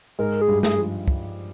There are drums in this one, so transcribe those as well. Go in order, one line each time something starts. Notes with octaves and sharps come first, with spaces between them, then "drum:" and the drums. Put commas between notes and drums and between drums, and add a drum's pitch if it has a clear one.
G#2 G#3 A#4
G#4
G2 G3
G#4, drum: snare
F3
drum: kick